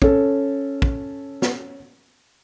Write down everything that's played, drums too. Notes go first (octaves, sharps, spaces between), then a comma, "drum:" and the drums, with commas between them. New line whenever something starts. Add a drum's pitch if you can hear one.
C#4 A4, drum: kick
drum: kick
drum: snare